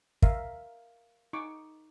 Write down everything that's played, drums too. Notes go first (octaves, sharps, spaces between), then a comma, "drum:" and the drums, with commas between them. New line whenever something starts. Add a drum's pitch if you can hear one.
A#4 E5 F5, drum: kick
D#4 C#6 D6